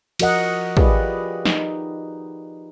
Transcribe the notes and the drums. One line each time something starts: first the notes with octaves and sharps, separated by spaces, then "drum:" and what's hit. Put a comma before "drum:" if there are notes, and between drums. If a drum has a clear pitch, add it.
F3 F#4 A#4 D#5 F#5, drum: cymbal
F4 G4 G#4 B4 D5 D#5, drum: kick
D#4, drum: snare